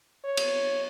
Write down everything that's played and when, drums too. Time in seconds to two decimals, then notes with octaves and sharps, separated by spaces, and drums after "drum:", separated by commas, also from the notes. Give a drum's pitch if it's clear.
0.25 C#5
0.37 drum: cymbal